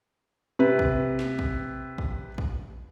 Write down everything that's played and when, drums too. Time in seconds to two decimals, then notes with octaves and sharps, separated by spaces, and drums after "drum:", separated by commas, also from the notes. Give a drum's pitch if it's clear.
0.59 C3 B4
0.79 drum: kick
1.19 drum: snare
1.39 drum: kick
1.98 drum: kick
2.38 drum: kick